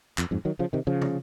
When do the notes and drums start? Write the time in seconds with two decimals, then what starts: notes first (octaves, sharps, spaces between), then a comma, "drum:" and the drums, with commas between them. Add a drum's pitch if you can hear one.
0.18 F2, drum: clap
0.31 F2 G#2
0.45 D#3 F#3
0.59 C#3 F3
0.73 C3 D#3
0.87 C#3 F3
1.02 drum: tom